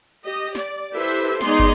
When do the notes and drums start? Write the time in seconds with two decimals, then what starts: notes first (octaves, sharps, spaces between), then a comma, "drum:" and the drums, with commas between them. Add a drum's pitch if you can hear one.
0.24 G4 D#5
0.55 D5, drum: snare
0.93 E4 G4 A4 B4 C5 E5
1.41 G#3 B3 D#4 G#4 D5 C6, drum: snare
1.59 drum: kick